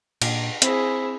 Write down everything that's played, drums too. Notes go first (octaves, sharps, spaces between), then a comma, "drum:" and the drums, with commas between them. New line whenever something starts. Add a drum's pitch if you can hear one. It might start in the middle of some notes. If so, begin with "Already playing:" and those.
A#2 D4, drum: cymbal
C4 E4 G#4 C5, drum: hi-hat